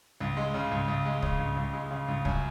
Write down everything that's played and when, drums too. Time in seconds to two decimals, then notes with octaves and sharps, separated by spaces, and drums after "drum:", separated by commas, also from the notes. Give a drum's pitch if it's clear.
0.20 C#2
0.37 G#3
0.54 C#3
0.71 C#2
0.88 C#2
1.05 G#3
1.22 C#3, drum: kick
1.39 C#2
1.57 C#2
1.73 G#3
1.91 C#3
2.08 C#2
2.25 F#2, drum: kick